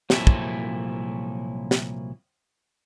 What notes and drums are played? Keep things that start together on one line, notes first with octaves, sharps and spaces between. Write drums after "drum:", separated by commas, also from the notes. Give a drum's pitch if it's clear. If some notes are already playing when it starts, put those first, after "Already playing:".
C2 A#2 F3 F#3 E4 A4, drum: snare
drum: kick
drum: snare